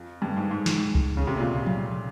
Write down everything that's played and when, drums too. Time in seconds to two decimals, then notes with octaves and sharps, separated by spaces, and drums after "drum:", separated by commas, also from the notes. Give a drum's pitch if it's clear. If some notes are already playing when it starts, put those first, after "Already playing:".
Already playing: F2
0.22 G2
0.36 G#2
0.51 G#2
0.66 drum: snare
0.95 drum: kick C#2
1.17 C#3
1.27 C3
1.37 A#2
1.67 drum: tom F3